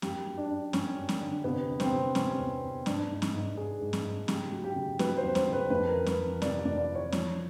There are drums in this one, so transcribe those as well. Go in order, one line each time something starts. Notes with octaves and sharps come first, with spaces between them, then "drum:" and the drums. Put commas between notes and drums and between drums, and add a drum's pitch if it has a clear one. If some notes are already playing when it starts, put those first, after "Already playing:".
F#2 G4, drum: snare
F#3
D4
F#2
F#2 C#4, drum: snare
F#2
drum: snare
D3
C3 B3
E2
C4, drum: snare
C3
C3 C#4, drum: snare
E2
E2
G#2 D4, drum: snare
G#2
drum: snare
G#2
G#2 G#4
G#2
drum: snare
G#2
C#3 G4, drum: snare
F#3
G4
C#3
F#3 B4, drum: snare
C5
E2
C5, drum: snare
C#3
B4
F2 B4
A#4
E3
B4, drum: snare
E3
C3 D5, drum: snare
D5
F2
D5
E3
C#5
F3, drum: snare